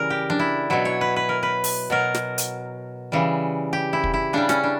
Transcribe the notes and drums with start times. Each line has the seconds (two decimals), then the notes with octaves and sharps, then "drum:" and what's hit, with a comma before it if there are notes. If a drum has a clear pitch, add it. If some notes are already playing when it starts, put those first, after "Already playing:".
Already playing: C#3 E3 G3 A#4
0.10 G4
0.30 D4, drum: tom F3
0.39 E4
0.70 B2 F#3 E4
0.85 C#5
1.01 B4
1.16 B4
1.29 A#4
1.43 B4
1.64 drum: open hi-hat
1.90 B2 F#3 A#4
2.14 drum: snare
2.38 drum: hi-hat
3.12 C#3 E3 G3
3.73 G4
3.93 E4
4.04 drum: kick
4.14 E4
4.33 C#3 G3 D4
4.49 C#4, drum: snare
4.64 D4